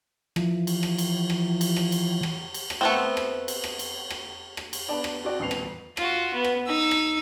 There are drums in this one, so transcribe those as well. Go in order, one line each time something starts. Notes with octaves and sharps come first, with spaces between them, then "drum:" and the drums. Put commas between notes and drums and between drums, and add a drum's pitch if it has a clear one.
E3 F3, drum: rim click
drum: cymbal
drum: rim click
drum: cymbal
drum: rim click
drum: cymbal
drum: rim click
drum: cymbal
drum: rim click
drum: cymbal
drum: rim click
A3 B3 C4
drum: rim click
drum: cymbal
drum: rim click
drum: cymbal
drum: rim click
drum: rim click
drum: cymbal
B3 D4 B4 D5 A5
drum: rim click
C4 F#4 D5
D#1 A1 B3 C7 F7
drum: rim click
F4 F#4, drum: rim click
B3
drum: rim click
D#4 E6
drum: rim click